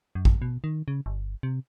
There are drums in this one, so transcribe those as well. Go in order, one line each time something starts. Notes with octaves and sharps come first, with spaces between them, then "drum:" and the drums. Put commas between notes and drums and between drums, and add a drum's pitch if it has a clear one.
F#2
drum: kick A1
B2
D#3
C#3
G1
C3